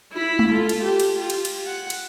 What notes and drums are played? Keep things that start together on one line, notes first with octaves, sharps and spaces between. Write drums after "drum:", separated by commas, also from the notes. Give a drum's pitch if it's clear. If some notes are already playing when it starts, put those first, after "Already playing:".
E4 B5
drum: tom G#3
F4 A4
drum: cymbal
G4
drum: cymbal
F4 G4
drum: cymbal
drum: cymbal
F#5
drum: cymbal